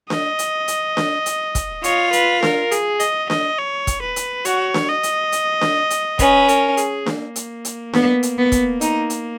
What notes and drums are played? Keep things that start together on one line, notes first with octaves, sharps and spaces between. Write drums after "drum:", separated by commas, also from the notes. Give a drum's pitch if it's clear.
D#5, drum: snare D4
drum: hi-hat
drum: hi-hat
drum: snare D4
drum: hi-hat
drum: kick, hi-hat
F4 C#5, drum: hi-hat
B4, drum: hi-hat
A#4, drum: snare D4
G#4, drum: hi-hat
D#5, drum: hi-hat
D#5, drum: snare D4
C#5
drum: kick, hi-hat
B4
drum: hi-hat
F#4 C#5, drum: hi-hat
drum: snare D4
D#5
drum: hi-hat
drum: hi-hat
drum: snare D4
drum: hi-hat
C#4 B4, drum: kick, hi-hat
A#4, drum: hi-hat
G#4, drum: hi-hat
A#3, drum: snare D4
drum: hi-hat
drum: hi-hat
B3, drum: snare D4
drum: hi-hat
B3
drum: kick, hi-hat
D#4, drum: hi-hat
drum: hi-hat